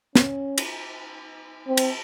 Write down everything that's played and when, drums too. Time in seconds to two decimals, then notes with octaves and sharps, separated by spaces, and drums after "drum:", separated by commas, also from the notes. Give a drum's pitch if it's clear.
0.15 C#4, drum: snare
0.58 drum: cymbal
1.67 C4
1.77 drum: cymbal